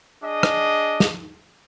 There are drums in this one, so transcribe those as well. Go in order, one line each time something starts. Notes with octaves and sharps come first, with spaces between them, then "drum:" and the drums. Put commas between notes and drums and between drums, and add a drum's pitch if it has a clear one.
D4 G#4 D#5
drum: rim click
drum: snare